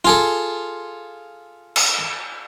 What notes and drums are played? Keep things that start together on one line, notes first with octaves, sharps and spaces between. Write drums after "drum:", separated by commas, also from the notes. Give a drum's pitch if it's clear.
F4 G#4 A4
drum: cymbal